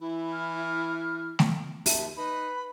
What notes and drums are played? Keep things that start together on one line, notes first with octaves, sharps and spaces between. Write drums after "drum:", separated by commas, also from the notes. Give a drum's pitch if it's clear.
E3 E4 B5
F6
drum: snare A3
D#2 E5 A5, drum: open hi-hat
D#4 B4 B5